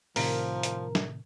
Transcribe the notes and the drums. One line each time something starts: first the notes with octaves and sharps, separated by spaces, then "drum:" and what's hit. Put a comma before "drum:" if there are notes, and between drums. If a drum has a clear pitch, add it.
A2 C3 D#3 F3 A#4, drum: open hi-hat
drum: hi-hat
drum: snare